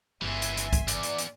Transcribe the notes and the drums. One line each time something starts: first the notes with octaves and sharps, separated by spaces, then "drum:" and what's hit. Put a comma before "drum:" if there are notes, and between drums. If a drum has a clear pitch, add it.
G1 C#2 E3 E5 G#5 C6
drum: hi-hat
drum: hi-hat
drum: kick, hi-hat
E2 D5, drum: hi-hat
drum: hi-hat
drum: hi-hat